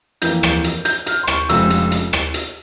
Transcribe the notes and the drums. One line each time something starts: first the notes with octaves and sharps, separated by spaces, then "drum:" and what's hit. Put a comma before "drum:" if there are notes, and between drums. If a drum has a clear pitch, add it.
F2 E3 A#3 G6, drum: hi-hat
drum: rim click
drum: hi-hat
G6, drum: hi-hat
F6, drum: hi-hat
C6
C#6, drum: rim click
F1 F2 C#3 F3 G#3 E6, drum: hi-hat
drum: hi-hat
drum: hi-hat
drum: rim click
drum: hi-hat